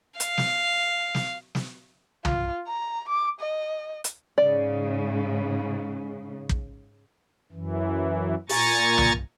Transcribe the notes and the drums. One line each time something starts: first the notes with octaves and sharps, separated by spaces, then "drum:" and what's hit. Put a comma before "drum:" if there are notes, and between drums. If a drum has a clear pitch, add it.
F5, drum: hi-hat
drum: snare
drum: snare
drum: snare
F4, drum: tom
A#5
D6
D#5
drum: hi-hat
G#2 C#3 D5
drum: kick
F#2 E3
A#2 G#5 A#5 C#6 A6, drum: open hi-hat
drum: tom